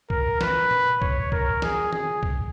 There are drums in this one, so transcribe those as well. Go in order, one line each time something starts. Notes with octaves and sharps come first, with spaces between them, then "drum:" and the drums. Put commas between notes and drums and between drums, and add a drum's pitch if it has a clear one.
A#4, drum: kick
B4, drum: snare
drum: tom A#2
C#5, drum: kick
A#4, drum: kick
G#4, drum: snare
G#4, drum: tom
drum: kick